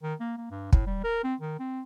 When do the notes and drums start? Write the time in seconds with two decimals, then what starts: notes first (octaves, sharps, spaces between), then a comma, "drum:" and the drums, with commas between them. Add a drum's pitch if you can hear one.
0.03 D#3
0.20 A#3
0.37 A#3
0.51 G2
0.73 A2, drum: kick
0.87 G3
1.04 A#4
1.24 C4
1.41 D#3
1.60 C4